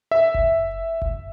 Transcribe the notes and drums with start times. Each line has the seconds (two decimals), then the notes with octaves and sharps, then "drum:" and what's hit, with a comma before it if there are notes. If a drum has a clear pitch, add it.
0.11 E5
0.34 drum: kick F#1
1.02 drum: kick F#1